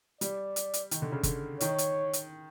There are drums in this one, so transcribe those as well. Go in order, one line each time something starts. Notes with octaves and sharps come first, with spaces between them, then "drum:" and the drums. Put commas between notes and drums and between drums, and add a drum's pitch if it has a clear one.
G3 D5, drum: hi-hat
drum: hi-hat
drum: hi-hat
D#3, drum: hi-hat
D3
C#3
D3, drum: kick G1, hi-hat
D#3 C#5, drum: hi-hat
drum: hi-hat
drum: hi-hat